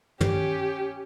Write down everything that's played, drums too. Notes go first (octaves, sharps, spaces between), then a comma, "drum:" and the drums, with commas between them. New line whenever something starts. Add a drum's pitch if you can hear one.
C#4 G4, drum: tom